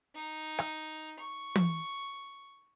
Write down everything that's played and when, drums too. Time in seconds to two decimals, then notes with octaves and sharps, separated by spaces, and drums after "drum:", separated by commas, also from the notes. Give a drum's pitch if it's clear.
0.15 D#4
0.59 drum: rim click
1.19 C#6
1.56 drum: tom